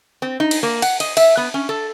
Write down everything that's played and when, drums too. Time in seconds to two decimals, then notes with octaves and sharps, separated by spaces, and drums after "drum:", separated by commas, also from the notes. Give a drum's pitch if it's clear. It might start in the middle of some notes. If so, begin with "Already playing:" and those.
0.22 C4
0.40 D#4
0.51 drum: cymbal
0.63 A#3
0.82 F#5, drum: cymbal
1.00 D#5, drum: cymbal
1.17 E5, drum: cymbal
1.37 B3
1.54 C#4
1.69 A4